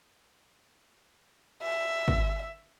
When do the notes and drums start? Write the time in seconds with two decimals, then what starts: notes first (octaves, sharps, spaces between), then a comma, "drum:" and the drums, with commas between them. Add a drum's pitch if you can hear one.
1.63 E5
2.08 drum: kick